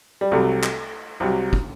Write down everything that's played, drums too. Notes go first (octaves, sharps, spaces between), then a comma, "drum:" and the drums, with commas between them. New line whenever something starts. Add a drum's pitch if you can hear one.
G3
C2 C3 F#3 A3
drum: clap
C2 C3 F#3
drum: kick